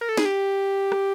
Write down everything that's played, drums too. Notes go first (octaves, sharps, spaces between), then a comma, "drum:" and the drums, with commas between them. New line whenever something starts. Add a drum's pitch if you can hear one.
A#4
A4
G#4, drum: snare
G4
drum: rim click